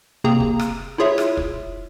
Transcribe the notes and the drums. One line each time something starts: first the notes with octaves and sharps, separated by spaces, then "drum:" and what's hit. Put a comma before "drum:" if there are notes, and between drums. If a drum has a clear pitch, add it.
C3 A#3 C4 G#4 A#5
drum: kick
drum: rim click
E4 F4 G#4 C#5 E5
drum: rim click
drum: kick